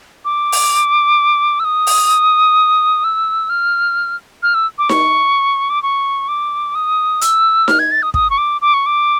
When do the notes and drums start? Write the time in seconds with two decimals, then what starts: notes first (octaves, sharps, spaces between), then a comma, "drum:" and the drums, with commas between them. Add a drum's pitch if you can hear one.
0.25 D6
0.52 drum: open hi-hat
1.60 E6
1.64 D#6
1.87 drum: open hi-hat
3.04 E6
3.50 F6
4.43 F6
4.54 E6
4.78 D6
4.89 C#6, drum: snare D#4
5.70 D6
5.83 C#6
6.28 D6
6.75 D#6
7.21 E6, drum: hi-hat
7.68 F6, drum: snare D#4
7.79 G#6
7.91 A6
8.03 D#6
8.14 D#6, drum: kick
8.30 C#6
8.38 D6
8.61 D6
8.74 C#6
8.86 D6